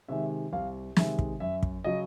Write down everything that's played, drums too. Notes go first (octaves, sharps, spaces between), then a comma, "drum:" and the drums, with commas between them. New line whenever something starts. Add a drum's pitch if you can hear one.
C3 D#3 G#3 E5
C2 F5
C3 D#3 G#3 E5, drum: snare
drum: kick
F#2 E5
drum: kick
C#3 F#3 D#5